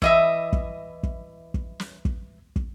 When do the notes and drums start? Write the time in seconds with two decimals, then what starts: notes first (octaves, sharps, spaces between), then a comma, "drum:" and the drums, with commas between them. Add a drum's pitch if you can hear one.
0.02 E3 D#5 E5, drum: kick
0.53 drum: kick
1.03 drum: kick
1.54 drum: kick
1.80 drum: snare
2.05 drum: kick
2.56 drum: kick